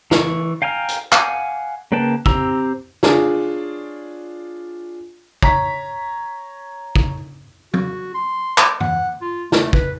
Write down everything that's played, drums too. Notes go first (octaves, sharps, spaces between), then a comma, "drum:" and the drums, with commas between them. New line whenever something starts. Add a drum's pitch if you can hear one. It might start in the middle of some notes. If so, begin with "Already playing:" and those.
E3 C#6, drum: snare
F5 G5 G#5 A#5 F6
drum: hi-hat
F5 F#5 G#5, drum: clap
C#3 A#3 B4 G5 A5
C4 G4 A#5 E6, drum: kick
D4 F4 G#4 C#5 D5, drum: snare
C#5 A#5 B6, drum: kick
drum: kick
F#4, drum: tom
C6
drum: clap
F#5, drum: tom
F4
A3, drum: snare
B4, drum: kick